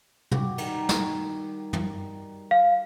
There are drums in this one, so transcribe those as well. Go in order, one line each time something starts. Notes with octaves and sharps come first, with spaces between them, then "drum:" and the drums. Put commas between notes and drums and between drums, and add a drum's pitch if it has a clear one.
F#4 G4, drum: tom
D#3 G3, drum: cymbal
drum: snare
drum: tom
F5